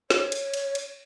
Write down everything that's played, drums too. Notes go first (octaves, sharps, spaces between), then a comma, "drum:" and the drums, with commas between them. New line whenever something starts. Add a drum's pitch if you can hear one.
C#5, drum: snare
drum: cymbal
drum: cymbal
drum: cymbal